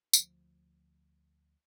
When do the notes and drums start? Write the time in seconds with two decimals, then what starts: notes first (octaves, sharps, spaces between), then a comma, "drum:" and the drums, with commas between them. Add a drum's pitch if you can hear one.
0.13 D2 F3, drum: tambourine